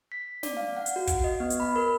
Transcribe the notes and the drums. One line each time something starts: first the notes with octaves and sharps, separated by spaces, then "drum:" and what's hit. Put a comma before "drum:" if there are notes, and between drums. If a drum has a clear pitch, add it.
B6
D5, drum: snare
F5
F#5
drum: hi-hat
F#4
drum: kick, hi-hat
D#5
B3
drum: hi-hat
B5
A#4